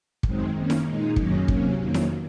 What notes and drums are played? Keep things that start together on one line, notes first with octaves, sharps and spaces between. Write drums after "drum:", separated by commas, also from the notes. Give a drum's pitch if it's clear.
F#2 D#3 G#3 C4, drum: kick
D#3 A#3 C#4
drum: snare E4
A#2 G#3 D#4
F#2 D#3 F#3 A#3 C#4, drum: kick
C3 F#3 A#3 C#4, drum: kick
F2 D#3 F#3 A#3
drum: snare E4